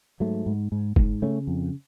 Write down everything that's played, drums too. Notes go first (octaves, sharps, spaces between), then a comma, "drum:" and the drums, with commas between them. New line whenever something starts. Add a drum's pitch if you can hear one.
G#2 F#3 A3
G#2
G#2
G#2, drum: kick
C#3 A3 C#4
F2